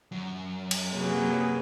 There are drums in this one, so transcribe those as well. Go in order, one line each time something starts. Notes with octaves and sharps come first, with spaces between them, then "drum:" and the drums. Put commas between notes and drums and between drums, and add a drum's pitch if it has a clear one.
F#2
drum: cymbal
C3 F#3 A#3 G#4 B4